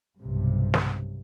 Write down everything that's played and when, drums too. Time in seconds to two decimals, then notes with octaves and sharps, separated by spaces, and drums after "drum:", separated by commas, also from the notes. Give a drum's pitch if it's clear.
0.20 B1 G2 C3
0.74 drum: snare